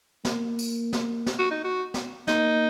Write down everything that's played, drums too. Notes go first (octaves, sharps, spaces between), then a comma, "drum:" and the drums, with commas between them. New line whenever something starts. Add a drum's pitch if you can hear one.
A#3, drum: snare
drum: tambourine
drum: snare
drum: snare
F#4
D#4
F#4
drum: snare
A#3 D#4, drum: snare